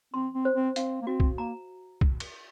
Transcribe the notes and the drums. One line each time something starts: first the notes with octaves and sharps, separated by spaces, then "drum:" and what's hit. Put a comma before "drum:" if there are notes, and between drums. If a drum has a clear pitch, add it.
C4 C6
C4
C5
C4
C4 F5, drum: hi-hat
A#3
C4 F#4
drum: kick C2
A#3 A#5
drum: kick C2
drum: cymbal